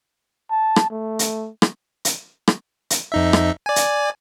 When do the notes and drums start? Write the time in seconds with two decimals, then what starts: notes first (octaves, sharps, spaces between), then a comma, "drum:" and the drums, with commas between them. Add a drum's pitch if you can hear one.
0.51 A5
0.76 drum: rim click
0.90 A3
1.19 drum: hi-hat
1.62 drum: rim click
2.05 drum: hi-hat
2.48 drum: rim click
2.90 drum: hi-hat
3.12 F2 D#4 E5
3.33 drum: rim click
3.66 D5 G#5
3.76 drum: hi-hat